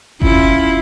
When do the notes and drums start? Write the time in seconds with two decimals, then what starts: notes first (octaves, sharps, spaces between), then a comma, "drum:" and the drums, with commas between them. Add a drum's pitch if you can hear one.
0.22 C#4 E4 F4, drum: kick F#1